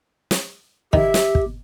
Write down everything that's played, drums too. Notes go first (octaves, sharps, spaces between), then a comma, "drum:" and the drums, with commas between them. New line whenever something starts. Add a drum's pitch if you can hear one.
drum: snare
D#3 G4 E5, drum: kick
drum: snare
drum: kick